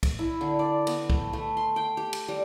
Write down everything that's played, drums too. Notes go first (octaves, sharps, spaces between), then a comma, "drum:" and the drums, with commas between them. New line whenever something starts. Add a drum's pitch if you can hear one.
drum: kick C2, cymbal
E4
D3
D5
B3, drum: cymbal
A3, drum: kick C2
A3
C6
G5
G4
drum: cymbal
G3